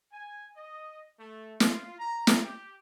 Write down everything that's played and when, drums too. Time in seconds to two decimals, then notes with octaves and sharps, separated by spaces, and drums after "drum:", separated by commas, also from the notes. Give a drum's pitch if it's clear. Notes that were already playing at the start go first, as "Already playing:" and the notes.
0.12 G#5
0.56 D#5
1.19 A3
1.60 F4, drum: snare
1.99 A#5
2.27 drum: snare
2.43 G4